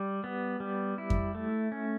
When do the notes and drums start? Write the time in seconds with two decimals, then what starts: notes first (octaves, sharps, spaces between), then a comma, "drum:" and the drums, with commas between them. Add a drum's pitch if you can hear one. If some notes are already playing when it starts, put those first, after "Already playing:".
Already playing: G3
0.24 B3
0.60 G3
0.98 E4
1.10 drum: kick F2
1.35 A3
1.72 C#4